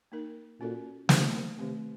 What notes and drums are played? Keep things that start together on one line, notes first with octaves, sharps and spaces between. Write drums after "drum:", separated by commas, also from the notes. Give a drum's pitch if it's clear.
A#3 D#4 A#4
A#2 C#4 F#4 A4
C3 F#3 A3 D#4 A4 C5, drum: snare
C3 D#3 A3 C4